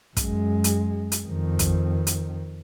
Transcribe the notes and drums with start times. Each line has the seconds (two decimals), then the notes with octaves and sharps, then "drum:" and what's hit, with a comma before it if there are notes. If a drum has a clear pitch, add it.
0.17 F#2 G#3, drum: kick, hi-hat
0.64 drum: hi-hat
1.12 drum: hi-hat
1.27 F2 D#3
1.59 drum: kick, hi-hat
2.07 drum: hi-hat